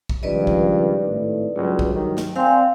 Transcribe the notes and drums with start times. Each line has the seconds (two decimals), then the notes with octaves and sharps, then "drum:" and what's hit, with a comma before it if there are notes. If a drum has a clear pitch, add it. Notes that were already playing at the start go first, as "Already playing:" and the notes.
0.09 drum: kick A#1
0.23 C#2 G2 D#3 F3 B4 D5 D#5
0.47 drum: kick A#1
1.02 G#1 A2
1.56 C#2 G2 F#3
1.79 drum: kick A#1
1.95 D#3
2.17 drum: snare
2.36 C4 D5 F5 G5 G#5 C6